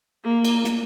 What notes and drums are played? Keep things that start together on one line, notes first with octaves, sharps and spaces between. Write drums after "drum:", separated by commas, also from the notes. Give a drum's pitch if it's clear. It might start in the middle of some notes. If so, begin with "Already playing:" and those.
A#3
drum: cymbal
drum: snare